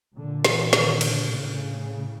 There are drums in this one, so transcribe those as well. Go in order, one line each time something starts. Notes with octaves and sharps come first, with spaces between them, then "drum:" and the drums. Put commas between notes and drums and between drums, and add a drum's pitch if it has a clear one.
A#2 D3
E3, drum: snare
D#3, drum: snare
D3, drum: cymbal
A2 C#3